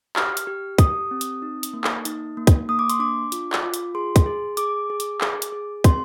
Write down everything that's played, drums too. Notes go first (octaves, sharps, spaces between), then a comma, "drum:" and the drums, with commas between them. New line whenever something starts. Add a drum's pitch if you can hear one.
G4 F6, drum: clap
drum: hi-hat
G4
G4 D#6, drum: kick, hi-hat
C4
drum: hi-hat
D#4
drum: hi-hat
A#3
drum: clap
D#4, drum: hi-hat
A#3
drum: kick, hi-hat
A#3 D#6
D6
C6, drum: hi-hat
D4 D6
F4, drum: hi-hat
drum: clap
F4
drum: hi-hat
G#4 C6
drum: kick, hi-hat
G#4
G#4 D6, drum: hi-hat
G#4
drum: hi-hat
G#4, drum: clap
drum: hi-hat
G#4
C4 C6, drum: kick, hi-hat